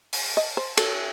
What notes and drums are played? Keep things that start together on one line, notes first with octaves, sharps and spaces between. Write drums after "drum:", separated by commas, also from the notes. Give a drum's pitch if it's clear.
drum: open hi-hat
D#5
C5
A4, drum: cymbal